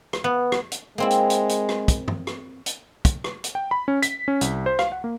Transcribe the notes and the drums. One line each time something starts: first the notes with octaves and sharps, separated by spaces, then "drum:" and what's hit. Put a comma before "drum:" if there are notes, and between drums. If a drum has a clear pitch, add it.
drum: rim click
B3
drum: rim click
drum: hi-hat
G#3 A#3 C4 E4
drum: hi-hat
drum: hi-hat
drum: hi-hat
drum: rim click
drum: kick, hi-hat
drum: tom G2
drum: rim click
drum: hi-hat
drum: kick, hi-hat
drum: rim click
drum: hi-hat
G5
B5
C#4
B6, drum: hi-hat
C#4
C2, drum: hi-hat
C5
F5, drum: rim click
F#5
A#3